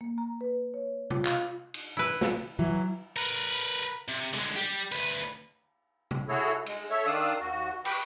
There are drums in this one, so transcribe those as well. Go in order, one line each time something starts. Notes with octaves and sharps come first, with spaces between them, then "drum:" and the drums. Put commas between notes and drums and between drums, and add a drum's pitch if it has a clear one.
A#3
A#5
B4
C#5
F4, drum: tom
F5, drum: clap
drum: cymbal
E4 B4
drum: snare
E3 F#3
A#4 B4
C3
D3 G#3
G3 G4
D2 B4
drum: tom
E4 F#4 G#4 A4 C#5
G#3, drum: cymbal
A4 C#5 E5
D#3 D4 D5 F5 D#6 E6
D#2 F#4
B4 G5 B5 C#6 D6, drum: cymbal